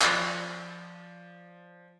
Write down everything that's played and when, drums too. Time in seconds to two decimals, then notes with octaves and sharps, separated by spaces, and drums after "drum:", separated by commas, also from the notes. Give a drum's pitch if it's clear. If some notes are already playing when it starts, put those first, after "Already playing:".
0.02 F3 D5, drum: clap